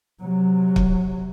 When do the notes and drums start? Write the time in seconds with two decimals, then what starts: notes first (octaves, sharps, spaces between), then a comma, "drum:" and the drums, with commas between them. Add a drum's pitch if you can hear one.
0.21 C3 F#3
0.76 drum: kick